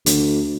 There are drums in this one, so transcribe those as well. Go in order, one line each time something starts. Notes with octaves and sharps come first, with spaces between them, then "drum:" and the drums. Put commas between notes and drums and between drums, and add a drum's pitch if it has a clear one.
D2, drum: hi-hat